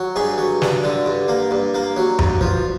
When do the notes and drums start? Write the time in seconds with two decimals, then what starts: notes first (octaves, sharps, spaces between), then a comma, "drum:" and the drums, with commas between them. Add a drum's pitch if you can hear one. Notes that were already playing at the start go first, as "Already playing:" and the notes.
Already playing: F#3
0.16 G2 G#4
0.38 F#3
0.62 G2, drum: snare
0.84 D3
1.06 G2
1.28 A#3
1.51 G2
1.74 A#3
1.97 F#3
2.19 G2, drum: tom F2
2.41 F3, drum: kick